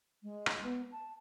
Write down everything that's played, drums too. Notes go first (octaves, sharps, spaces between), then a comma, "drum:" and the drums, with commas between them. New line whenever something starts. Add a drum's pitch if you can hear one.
G#3
drum: rim click
B3
A5